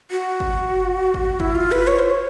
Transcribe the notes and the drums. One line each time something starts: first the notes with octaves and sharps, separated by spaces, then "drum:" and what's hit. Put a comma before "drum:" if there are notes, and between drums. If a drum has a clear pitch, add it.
F#4
drum: kick
drum: kick
E4, drum: kick
F4
B4
C#5
C5
C#5